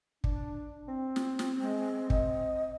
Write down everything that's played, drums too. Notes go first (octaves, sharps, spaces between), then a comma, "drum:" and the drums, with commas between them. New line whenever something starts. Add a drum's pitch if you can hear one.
D4, drum: kick
C4
drum: snare
drum: snare
G#3
D#5, drum: kick